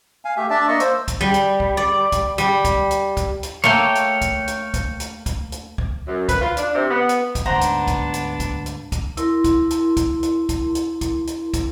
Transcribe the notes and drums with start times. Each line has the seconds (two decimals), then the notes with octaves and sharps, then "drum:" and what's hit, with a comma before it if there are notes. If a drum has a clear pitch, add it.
0.25 F5 G#5
0.37 A3 G4 E5
0.50 D4 D5 E5 A5
0.68 A#3 D5 D#5 C#6
0.80 C5 E6, drum: hi-hat
1.08 drum: kick, hi-hat
1.21 G3
1.34 drum: hi-hat
1.60 drum: kick
1.77 D5
2.12 drum: kick, hi-hat
2.38 G3, drum: hi-hat
2.65 drum: kick, hi-hat
2.91 drum: hi-hat
3.17 drum: kick, hi-hat
3.43 drum: hi-hat
3.64 A3 A#3 C#5 F5 G5
3.95 drum: hi-hat
4.21 drum: kick, hi-hat
4.48 drum: hi-hat
4.74 drum: kick, hi-hat
5.00 drum: hi-hat
5.26 drum: kick, hi-hat
5.52 drum: hi-hat
5.78 drum: kick
6.08 F#2
6.29 B4, drum: kick, hi-hat
6.42 F4
6.57 D4, drum: hi-hat
6.75 C3
6.90 B3
7.09 drum: hi-hat
7.35 drum: kick, hi-hat
7.46 D2 G#2 B3 D4 C5 F#5 A#5
7.61 drum: hi-hat
7.87 drum: kick, hi-hat
8.14 drum: hi-hat
8.40 drum: kick, hi-hat
8.66 drum: hi-hat
8.92 drum: kick, hi-hat
9.17 E4 A#4 C6, drum: hi-hat
9.44 drum: kick, hi-hat
9.71 drum: hi-hat
9.97 drum: kick, hi-hat
10.23 drum: hi-hat
10.49 drum: kick, hi-hat
10.75 drum: hi-hat
11.01 drum: kick, hi-hat
11.27 drum: hi-hat
11.54 drum: kick, hi-hat